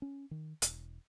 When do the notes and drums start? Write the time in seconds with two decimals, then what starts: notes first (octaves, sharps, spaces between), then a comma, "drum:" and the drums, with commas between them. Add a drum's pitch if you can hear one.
0.02 C#4
0.31 D#3
0.62 E1, drum: hi-hat